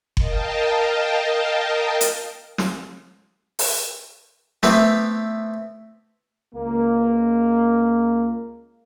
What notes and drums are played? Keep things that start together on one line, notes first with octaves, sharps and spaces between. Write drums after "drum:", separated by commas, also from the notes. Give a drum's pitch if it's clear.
A#4 D#5 F5 G5 A5, drum: kick F#1
drum: hi-hat
drum: snare
drum: open hi-hat
A3 B3 C4 E4 G4 B4, drum: snare
C#2 A#3